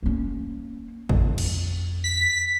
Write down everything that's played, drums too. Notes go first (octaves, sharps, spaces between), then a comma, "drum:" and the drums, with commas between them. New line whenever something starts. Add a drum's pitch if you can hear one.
A#3 C#4
F2, drum: kick
drum: cymbal
B6